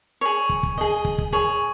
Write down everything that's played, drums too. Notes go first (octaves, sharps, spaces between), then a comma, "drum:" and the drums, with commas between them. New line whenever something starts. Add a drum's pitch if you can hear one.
G#4 C#5
drum: kick
drum: kick
G#4 D#5
drum: kick
drum: kick
G#4 C#5